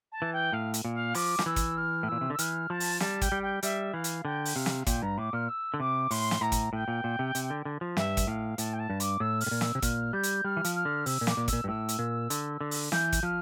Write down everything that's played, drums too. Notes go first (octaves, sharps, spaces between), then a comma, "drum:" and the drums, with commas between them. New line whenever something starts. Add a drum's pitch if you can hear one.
A5
E3
G5
A2 F5
drum: hi-hat
A#2
F5
F3 D6, drum: open hi-hat
F3, drum: snare
E3 E6
drum: kick, hi-hat
F6
A2
A#2 E6
C3
D3 E6
E3 F6, drum: hi-hat
F3 A5
drum: open hi-hat
G3 A5, drum: snare
G5, drum: kick, hi-hat
G3
G5
G3 E5, drum: hi-hat
E3 F5
drum: hi-hat
D3 G5
drum: open hi-hat
C3 F5
drum: snare
A#2 G5, drum: kick, hi-hat
G2 A#5
A2 D6
A#2 F6
E6
D3
C3 D6
A2 C6, drum: open hi-hat
drum: snare
A2 A#5
drum: kick, hi-hat
A2 G5
A#2
A#2
C3
C3, drum: hi-hat
D3
D3
F3
G2 E5, drum: snare
drum: kick, hi-hat
A2 F5
A2 A5, drum: hi-hat
G5
A5
G2
D6, drum: hi-hat
A2 E6
F6, drum: open hi-hat
A2
A#2
E6, drum: snare
C3
A#2 F6, drum: kick, hi-hat
G3 G6
drum: hi-hat
G3 F6
E3
F3, drum: hi-hat
F6
D3
C3 E6, drum: open hi-hat
A#2
D6, drum: snare
A#2
A#2 E6, drum: kick, hi-hat
G2
A2 E6
drum: hi-hat
A#2
D3, drum: hi-hat
D3
drum: open hi-hat
E3 G6, drum: snare
drum: kick, hi-hat
F3 F6